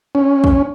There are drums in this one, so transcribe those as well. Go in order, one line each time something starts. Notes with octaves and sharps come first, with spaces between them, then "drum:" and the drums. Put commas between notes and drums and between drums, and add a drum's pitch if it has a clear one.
C#4
drum: kick